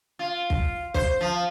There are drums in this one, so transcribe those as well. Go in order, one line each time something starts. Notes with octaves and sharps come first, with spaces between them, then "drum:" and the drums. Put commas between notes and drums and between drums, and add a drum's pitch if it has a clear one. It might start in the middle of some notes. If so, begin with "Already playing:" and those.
F4
drum: kick
C5, drum: kick
F3